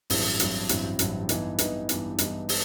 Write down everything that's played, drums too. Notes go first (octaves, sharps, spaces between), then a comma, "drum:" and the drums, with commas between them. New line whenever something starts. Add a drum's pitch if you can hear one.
A1 G2 F#3 C4 E4, drum: open hi-hat
A1 G2 F#3 C4 E4, drum: hi-hat
A1 G2 F#3 C4 E4, drum: hi-hat
A1 G2 F#3 C4 E4, drum: hi-hat
G2 E3 B3 D#4, drum: hi-hat
G2 E3 B3 D#4, drum: hi-hat
G2 E3 B3 D#4, drum: hi-hat
G2 E3 B3 D#4, drum: hi-hat
drum: open hi-hat